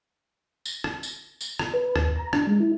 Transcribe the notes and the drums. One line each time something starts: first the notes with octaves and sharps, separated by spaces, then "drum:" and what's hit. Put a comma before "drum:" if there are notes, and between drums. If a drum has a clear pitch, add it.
drum: tambourine
drum: rim click
drum: tambourine
drum: tambourine
drum: rim click
B4
D#2, drum: rim click
A#5
D4, drum: rim click
G#3
E4